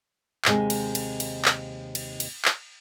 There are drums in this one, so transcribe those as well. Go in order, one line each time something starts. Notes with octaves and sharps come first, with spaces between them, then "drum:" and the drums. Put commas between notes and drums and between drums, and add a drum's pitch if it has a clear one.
D#2 C3 G#3, drum: clap
drum: cymbal
drum: cymbal
drum: cymbal
drum: clap
drum: cymbal
drum: cymbal
drum: clap